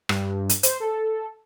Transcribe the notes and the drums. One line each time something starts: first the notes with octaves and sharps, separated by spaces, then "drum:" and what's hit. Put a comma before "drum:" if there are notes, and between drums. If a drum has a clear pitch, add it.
G2, drum: rim click
drum: hi-hat
C5, drum: hi-hat
A4